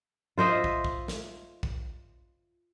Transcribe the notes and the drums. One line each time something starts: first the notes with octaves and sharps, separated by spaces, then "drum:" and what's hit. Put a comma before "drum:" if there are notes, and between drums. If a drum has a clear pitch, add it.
F4 C5 D#5 E5
drum: kick
drum: kick
drum: snare
drum: kick